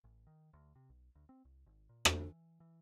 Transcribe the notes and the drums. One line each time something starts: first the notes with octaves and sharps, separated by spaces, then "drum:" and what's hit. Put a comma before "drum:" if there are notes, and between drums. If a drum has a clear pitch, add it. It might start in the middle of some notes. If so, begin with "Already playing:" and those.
A1
D#3
D2
C3
B1
D2
C4
C2
G#1
A#2
drum: rim click
E3
E3